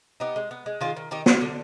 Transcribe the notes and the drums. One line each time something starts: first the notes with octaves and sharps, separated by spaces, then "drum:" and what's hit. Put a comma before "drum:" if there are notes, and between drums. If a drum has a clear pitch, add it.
B3 D#4 G4
G#3
B3
G#3
D#3 F4 G#4
D#3
D#3 D#4 G4
D#3, drum: snare
D3